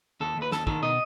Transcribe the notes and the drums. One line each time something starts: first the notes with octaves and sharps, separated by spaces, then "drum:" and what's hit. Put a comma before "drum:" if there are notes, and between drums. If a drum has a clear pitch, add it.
D#2 A4
D#2
B4
D#2 A4, drum: snare
D#3 A4, drum: kick
B2 D#5